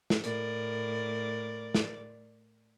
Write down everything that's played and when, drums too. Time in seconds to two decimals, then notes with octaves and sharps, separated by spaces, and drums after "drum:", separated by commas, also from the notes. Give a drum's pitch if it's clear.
0.10 drum: snare
0.24 A2 A#4 D5, drum: hi-hat
1.74 drum: snare